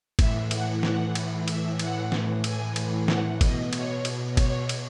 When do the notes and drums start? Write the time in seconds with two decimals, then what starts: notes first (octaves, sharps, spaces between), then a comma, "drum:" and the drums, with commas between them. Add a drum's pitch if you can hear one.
0.19 A2 E3 E5, drum: kick, cymbal
0.51 F#5, drum: cymbal
0.83 A2 E3 F#5, drum: snare
1.15 drum: cymbal
1.48 A2 E3 E5, drum: cymbal
1.79 F#5, drum: cymbal
2.12 A2 E3, drum: snare
2.44 G#5, drum: cymbal
2.76 A2 E3, drum: cymbal
3.08 F#5, drum: snare
3.41 B2 D#5, drum: kick, cymbal
3.73 C#5, drum: cymbal
4.05 B2, drum: cymbal
4.37 C#5, drum: kick, cymbal
4.69 drum: cymbal